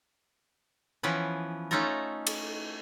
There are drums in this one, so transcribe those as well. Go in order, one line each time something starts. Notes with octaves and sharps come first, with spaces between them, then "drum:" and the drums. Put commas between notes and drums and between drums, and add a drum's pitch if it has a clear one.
E3 F3 B3 C#4 B4
A3 C#4 D#4 F4 A4 A#5
drum: cymbal